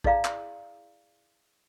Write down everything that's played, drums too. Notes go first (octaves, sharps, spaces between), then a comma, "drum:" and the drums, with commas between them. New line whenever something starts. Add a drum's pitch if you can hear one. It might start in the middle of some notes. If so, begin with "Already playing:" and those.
E4 G#4 D5 F5 A#5, drum: kick A1
drum: clap